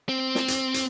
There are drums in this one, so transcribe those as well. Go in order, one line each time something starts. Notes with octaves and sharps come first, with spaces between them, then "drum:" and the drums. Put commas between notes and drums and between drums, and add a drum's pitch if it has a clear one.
C4
drum: snare
drum: hi-hat
drum: hi-hat